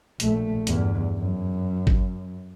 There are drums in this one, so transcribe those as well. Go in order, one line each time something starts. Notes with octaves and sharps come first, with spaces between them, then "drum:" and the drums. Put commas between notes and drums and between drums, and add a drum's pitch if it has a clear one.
A#1 A3, drum: hi-hat
E2 G2, drum: hi-hat
F#2
drum: kick